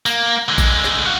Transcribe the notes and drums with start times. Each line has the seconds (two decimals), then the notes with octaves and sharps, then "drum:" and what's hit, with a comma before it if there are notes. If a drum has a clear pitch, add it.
0.06 A#3, drum: tambourine
0.48 D3 G#3
0.58 drum: kick, tambourine
0.84 drum: snare
1.06 F#4 F5